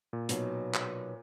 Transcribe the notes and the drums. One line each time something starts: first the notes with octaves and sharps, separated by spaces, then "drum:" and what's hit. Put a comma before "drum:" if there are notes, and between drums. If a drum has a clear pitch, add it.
A#2
B2 F#3 D#4, drum: hi-hat
drum: clap